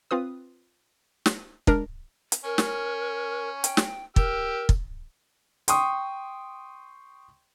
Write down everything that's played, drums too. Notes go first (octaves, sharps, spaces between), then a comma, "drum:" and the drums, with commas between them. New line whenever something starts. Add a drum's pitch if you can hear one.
C4 F4 B4 D#6
drum: snare
G#3 D4 A#4, drum: kick
drum: hi-hat
C#4 A#4
drum: snare
G5, drum: hi-hat
drum: snare
G4 A#4 E6, drum: kick
drum: kick
G5 C6 C#6 D#6, drum: hi-hat